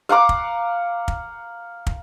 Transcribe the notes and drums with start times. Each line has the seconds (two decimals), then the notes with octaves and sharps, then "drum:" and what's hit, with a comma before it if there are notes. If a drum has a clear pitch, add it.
0.09 F5 F#5 A#5 D6
0.29 drum: kick
1.08 drum: kick
1.87 drum: kick